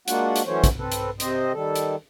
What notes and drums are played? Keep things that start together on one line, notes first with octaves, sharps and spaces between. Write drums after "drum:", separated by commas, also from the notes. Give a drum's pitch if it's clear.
G#3 A#3 D4 F4 F#4 F#5, drum: hi-hat
drum: hi-hat
E3 F#3 A3 C#4 C5 C#5
drum: kick, hi-hat
C4 A4 B4
drum: hi-hat
C3 C4 C5 D#5, drum: hi-hat
D#3 G3 A4
drum: hi-hat